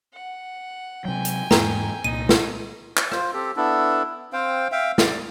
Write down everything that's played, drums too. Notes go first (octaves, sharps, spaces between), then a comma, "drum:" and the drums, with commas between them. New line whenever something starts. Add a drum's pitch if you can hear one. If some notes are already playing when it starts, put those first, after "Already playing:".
F#5
C3 F#3 G5 G#5
drum: hi-hat
E2 G#2 A#3 A#5, drum: snare
C2 A#2 D#4 D#7
drum: snare
drum: clap
F4 C5, drum: rim click
C4 G4 A4
B3 D4 E4 A4
C4 C5 F5 G5
E5 F5 G5
D5, drum: snare